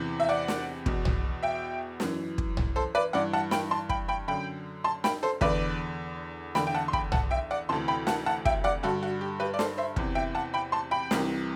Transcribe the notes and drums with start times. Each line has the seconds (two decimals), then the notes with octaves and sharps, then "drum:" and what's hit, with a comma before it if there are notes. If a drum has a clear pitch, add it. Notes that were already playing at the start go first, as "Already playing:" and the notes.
Already playing: E2 C3 E3
0.20 E5
0.29 D5 F#5
0.48 drum: snare
0.86 E2 B2, drum: kick
1.05 drum: tom B1
1.43 E5 G5
2.00 F#2 E3, drum: snare
2.38 drum: kick
2.57 drum: tom B1
2.76 A4 C5
2.95 B4 D5
3.13 G2 E3 D5 F#5
3.33 F#5 A5
3.51 G5 B5, drum: snare
3.71 A5 C6
3.89 G5 B5, drum: kick
4.08 G5 B5
4.28 F#2 D3 G5 B5
4.84 A5 C6
5.04 G5 B5, drum: snare
5.23 A4 C5
5.41 E2 D3 B4 D5, drum: kick
6.55 E2 D3 G5 B5, drum: snare
6.67 G5
6.75 F#5 A5
6.88 C6
6.93 G5 B5, drum: kick
7.12 F#5 A5, drum: tom B1
7.31 E5 G5
7.51 D5 F#5
7.69 D2 C3 E3 A5 C6
7.88 G5 B5
8.07 F#5 A5, drum: snare
8.26 F#5 A5
8.45 E5 G5, drum: kick
8.64 D5 F#5
8.83 G2 D3 F#4 A4
9.03 F#4
9.21 G4
9.40 G4 B4
9.54 D5
9.59 A4 C5, drum: snare
9.78 C5 E5
9.96 E2 C3 E3, drum: kick
10.15 E5 G5
10.35 F#5 A5
10.54 G5 B5
10.72 A5 C6
10.91 G5 B5
11.11 C2 C3 E3, drum: snare